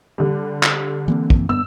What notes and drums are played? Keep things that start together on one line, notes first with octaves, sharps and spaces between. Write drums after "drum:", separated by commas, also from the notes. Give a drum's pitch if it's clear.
D3 G3
drum: clap
E3 A#3 C4
drum: kick
G2 B3 E6